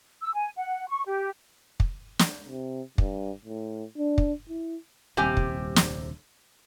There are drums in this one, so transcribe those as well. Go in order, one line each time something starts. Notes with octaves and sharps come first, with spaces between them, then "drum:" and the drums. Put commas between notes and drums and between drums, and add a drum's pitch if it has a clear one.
E6
G#5
F#5
C#6
G4
drum: kick
drum: snare
C3
G2, drum: kick
A2
D4
drum: kick
E4
D#1 C2 C3 G4 G#5
drum: kick
drum: snare